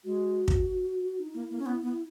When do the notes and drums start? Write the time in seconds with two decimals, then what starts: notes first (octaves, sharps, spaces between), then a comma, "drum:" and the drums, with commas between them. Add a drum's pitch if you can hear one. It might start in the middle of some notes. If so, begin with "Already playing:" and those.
0.04 G#3 F#4
0.48 drum: kick
1.20 D#4
1.34 A#3 E4
1.50 A#3
1.59 C#4
1.66 B3
1.82 B3